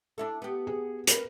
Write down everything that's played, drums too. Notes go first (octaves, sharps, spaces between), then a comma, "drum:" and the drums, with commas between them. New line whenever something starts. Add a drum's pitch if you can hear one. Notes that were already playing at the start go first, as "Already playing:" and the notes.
D4 E4 A4
B3 G4
G#4
A#4 B4, drum: hi-hat